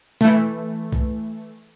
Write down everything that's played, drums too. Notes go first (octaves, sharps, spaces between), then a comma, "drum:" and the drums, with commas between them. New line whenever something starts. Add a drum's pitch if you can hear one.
E3 A3, drum: tom B2
drum: kick B1